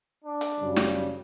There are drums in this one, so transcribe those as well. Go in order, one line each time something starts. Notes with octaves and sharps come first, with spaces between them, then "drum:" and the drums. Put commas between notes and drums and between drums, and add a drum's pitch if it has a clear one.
D4
drum: hi-hat
F#2 C#3 G3
drum: snare